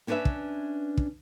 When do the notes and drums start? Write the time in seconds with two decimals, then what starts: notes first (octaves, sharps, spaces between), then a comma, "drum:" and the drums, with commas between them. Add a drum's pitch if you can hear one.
0.07 B3 C#4 D4 B4 C#5 E5
0.25 drum: kick
0.97 drum: kick